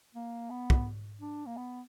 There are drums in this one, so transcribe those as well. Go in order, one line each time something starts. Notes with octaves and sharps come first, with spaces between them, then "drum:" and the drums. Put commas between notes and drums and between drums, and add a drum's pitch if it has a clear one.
A#3
B3
drum: kick
D4
A#3
B3